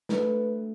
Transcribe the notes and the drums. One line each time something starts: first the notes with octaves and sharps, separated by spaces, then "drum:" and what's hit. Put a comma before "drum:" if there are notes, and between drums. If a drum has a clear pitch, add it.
A3 D4 F#4 A4 B4, drum: snare